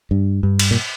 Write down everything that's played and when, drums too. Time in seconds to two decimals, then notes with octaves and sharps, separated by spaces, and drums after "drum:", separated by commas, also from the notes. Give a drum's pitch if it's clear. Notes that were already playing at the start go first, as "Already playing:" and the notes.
0.11 G2
0.43 G2
0.59 drum: cymbal
0.71 A#2